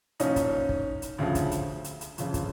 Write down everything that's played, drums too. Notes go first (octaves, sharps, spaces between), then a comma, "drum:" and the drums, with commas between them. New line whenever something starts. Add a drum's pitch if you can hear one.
C2 A#2 F3 C#4 D#4, drum: hi-hat
drum: kick, hi-hat
drum: kick
drum: hi-hat
D2 C#3 F3
drum: kick, hi-hat
drum: hi-hat
drum: hi-hat
drum: hi-hat
G1 F2 C#3, drum: hi-hat
drum: kick, hi-hat